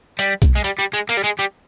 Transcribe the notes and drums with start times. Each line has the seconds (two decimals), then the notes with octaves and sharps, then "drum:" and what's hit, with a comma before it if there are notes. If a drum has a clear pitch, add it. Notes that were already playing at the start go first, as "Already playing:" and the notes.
0.19 G3, drum: hi-hat
0.42 drum: kick B1, hi-hat
0.55 G#3
0.64 G3, drum: hi-hat
0.79 G3
0.93 G#3
1.09 A#3, drum: hi-hat
1.17 G3
1.24 G#3
1.39 G3